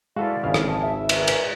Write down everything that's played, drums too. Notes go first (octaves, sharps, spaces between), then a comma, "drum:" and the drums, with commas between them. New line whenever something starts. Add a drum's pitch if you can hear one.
G#3 E4 F#4 A4 B4 D5 E5 F5
G#1 C#2 C#3 F5
drum: rim click
G#4 A5
E5
A#4 G#5 A#5, drum: cymbal
drum: cymbal